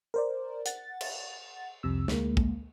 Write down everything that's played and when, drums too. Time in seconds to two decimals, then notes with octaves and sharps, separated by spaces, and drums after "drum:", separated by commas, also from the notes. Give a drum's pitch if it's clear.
0.14 A#4 C5 D5
0.66 F#5 A6, drum: hi-hat
1.01 drum: cymbal
1.83 C2 F2 C3 E6
2.08 D2 G#3 A#3, drum: snare
2.37 drum: kick